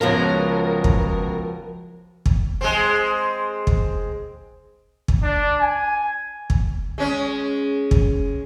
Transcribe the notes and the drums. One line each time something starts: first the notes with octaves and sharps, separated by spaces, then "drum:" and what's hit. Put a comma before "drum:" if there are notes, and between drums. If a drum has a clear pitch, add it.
C#2 F3 F#3 B3 F4 A#4 A5
drum: kick
drum: kick
G#3 C4
drum: kick
drum: kick
D4
G#5
drum: kick
G#3 C#4
drum: kick